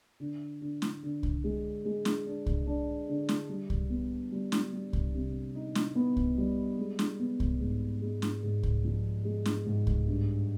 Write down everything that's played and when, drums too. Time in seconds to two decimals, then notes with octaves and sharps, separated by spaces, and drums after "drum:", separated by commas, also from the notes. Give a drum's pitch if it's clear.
0.20 D3
0.61 D3
0.82 drum: snare
1.03 D3
1.23 drum: kick C2
1.44 G#3
1.85 G#3
2.05 drum: snare
2.26 D4
2.46 drum: kick C2
2.67 D4
3.09 D3
3.29 drum: snare
3.49 G3
3.70 drum: kick C2
3.90 B3
4.32 G3
4.52 drum: snare
4.73 G3
4.93 drum: kick C2
5.14 C3
5.55 D#4
5.75 drum: snare
5.95 B3
6.17 drum: kick C2
6.38 G3
6.78 G#3
6.99 drum: snare
7.19 B3
7.40 drum: kick C2
7.60 G#2
8.02 G#3
8.22 drum: snare
8.43 G#2
8.63 drum: kick C2
8.84 F3
9.25 G#3
9.46 drum: snare
9.66 G#2
9.87 drum: kick C2
10.07 G2